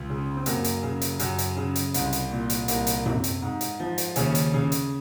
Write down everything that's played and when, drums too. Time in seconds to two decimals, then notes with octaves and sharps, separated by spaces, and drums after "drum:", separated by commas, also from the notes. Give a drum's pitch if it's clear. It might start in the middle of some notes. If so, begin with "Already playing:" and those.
Already playing: C#2
0.09 C#3
0.36 C4
0.46 F#2 A#3, drum: hi-hat
0.64 drum: hi-hat
0.83 C#3
1.02 drum: hi-hat
1.20 F#2, drum: hi-hat
1.39 drum: hi-hat
1.56 C#3
1.76 drum: hi-hat
1.94 C2, drum: hi-hat
2.13 drum: hi-hat
2.31 A#2
2.50 drum: hi-hat
2.68 C2 A#3, drum: hi-hat
2.87 drum: hi-hat
3.06 C3, drum: tom F#2
3.24 drum: hi-hat
3.42 G#2
3.61 drum: hi-hat
3.80 F3
3.98 drum: hi-hat
4.16 D#2 C#3 C#4, drum: hi-hat
4.35 drum: hi-hat
4.54 C#3
4.72 drum: hi-hat